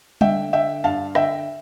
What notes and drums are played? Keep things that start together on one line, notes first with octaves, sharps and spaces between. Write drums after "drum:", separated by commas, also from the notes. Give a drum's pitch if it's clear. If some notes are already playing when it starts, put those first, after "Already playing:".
D3 E5 G5, drum: tom G3
D3 E5 G5
G2 F5 A5
D3 E5 G5, drum: rim click